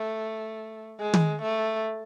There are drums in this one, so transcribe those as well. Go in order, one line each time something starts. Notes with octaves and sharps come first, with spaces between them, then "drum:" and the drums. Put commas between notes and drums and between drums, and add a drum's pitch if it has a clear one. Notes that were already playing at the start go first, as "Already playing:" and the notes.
Already playing: A3
G#3
drum: tom
A3